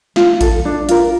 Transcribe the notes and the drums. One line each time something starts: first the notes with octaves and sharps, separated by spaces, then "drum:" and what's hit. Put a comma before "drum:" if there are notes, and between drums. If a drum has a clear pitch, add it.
F4, drum: snare
A4, drum: kick A1, hi-hat
D4
F4 A#4, drum: hi-hat